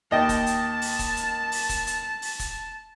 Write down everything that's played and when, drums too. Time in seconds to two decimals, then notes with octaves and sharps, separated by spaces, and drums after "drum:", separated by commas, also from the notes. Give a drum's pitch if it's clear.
0.11 D#2 D#5 G5 A5
0.29 drum: kick, hi-hat
0.47 drum: hi-hat
0.82 drum: open hi-hat
0.99 drum: kick, hi-hat
1.17 drum: hi-hat
1.52 drum: open hi-hat
1.69 drum: kick, hi-hat
1.87 drum: hi-hat
2.22 drum: open hi-hat
2.39 drum: kick, hi-hat